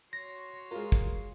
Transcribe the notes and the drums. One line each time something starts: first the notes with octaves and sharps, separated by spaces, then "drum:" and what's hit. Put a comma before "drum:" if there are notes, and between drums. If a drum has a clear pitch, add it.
F#4 C#5 C6 A#6
G#3 F4 A#4
drum: kick